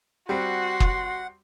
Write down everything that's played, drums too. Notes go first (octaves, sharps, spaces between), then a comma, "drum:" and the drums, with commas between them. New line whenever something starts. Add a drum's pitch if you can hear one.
G3 C4 F#4 F#5 C6
drum: kick